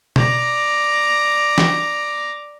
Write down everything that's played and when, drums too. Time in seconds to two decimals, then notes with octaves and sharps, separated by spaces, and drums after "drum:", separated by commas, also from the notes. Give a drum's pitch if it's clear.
0.16 D5 A#5, drum: tom
1.58 drum: snare